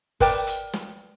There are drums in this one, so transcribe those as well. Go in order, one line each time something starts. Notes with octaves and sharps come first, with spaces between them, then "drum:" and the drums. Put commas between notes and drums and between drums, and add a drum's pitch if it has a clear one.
A#4 B4 D5 G5, drum: kick G1, open hi-hat
drum: hi-hat
drum: snare